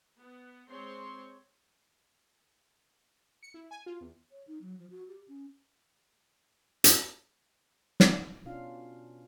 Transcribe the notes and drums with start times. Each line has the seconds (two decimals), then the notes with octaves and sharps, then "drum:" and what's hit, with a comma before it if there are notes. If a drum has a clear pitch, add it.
0.20 B3
0.69 G#3 C4 C#5 C6
3.43 C#7
3.54 E4
3.71 G#5
3.86 F4
4.01 E2
4.31 C#5
4.47 D#4
4.61 F#3
4.79 F3
4.90 F#4
5.08 G4
5.28 C#4
6.84 drum: hi-hat
8.00 drum: snare
8.45 B2 C#4 D4 F4 F5